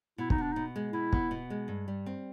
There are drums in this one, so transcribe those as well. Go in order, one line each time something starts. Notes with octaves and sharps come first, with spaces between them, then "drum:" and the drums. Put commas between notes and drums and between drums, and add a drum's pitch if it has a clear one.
B2 E4
D#4, drum: kick
B3 D4
B2 D#4
G#3
B2 E4
B3, drum: kick
B2
G#3
G2
G3
C4